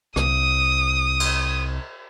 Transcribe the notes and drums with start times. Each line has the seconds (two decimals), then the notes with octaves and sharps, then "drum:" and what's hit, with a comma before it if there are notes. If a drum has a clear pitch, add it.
0.16 C2 D#6, drum: rim click
1.20 drum: cymbal